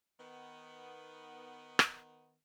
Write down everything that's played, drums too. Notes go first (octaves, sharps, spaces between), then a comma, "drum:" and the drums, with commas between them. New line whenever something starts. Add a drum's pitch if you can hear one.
D#3 B3
drum: rim click